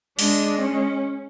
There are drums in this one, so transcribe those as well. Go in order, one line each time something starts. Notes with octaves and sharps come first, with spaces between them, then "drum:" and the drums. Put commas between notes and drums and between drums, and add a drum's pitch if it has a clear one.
G#3 D4, drum: open hi-hat
C#4